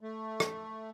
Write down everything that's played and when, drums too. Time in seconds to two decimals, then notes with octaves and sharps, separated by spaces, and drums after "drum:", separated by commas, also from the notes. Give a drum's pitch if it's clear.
0.01 A3
0.40 drum: rim click